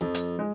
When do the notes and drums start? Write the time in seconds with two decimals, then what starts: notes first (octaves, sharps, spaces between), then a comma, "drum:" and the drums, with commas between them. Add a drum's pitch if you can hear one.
0.01 F2 F3
0.15 drum: hi-hat
0.39 G#3